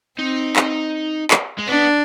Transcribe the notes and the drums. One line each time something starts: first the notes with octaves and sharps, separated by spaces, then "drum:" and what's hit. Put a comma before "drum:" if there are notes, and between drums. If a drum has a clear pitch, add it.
C4 D#4
drum: clap
drum: clap
G#3
B3 D4